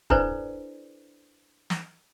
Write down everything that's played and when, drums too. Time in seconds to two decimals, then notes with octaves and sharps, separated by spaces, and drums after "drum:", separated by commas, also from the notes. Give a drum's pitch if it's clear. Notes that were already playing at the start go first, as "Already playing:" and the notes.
0.10 D4 E4 A4 B4 C5 D5, drum: kick D1
1.70 drum: snare